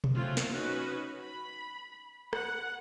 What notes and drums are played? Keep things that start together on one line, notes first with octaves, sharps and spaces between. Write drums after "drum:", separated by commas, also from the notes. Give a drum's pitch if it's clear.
drum: tom B2
F#3 A3 C4 C#4 F4
drum: snare
C#4 D#4 F#4 B4
B5
F#5, drum: rim click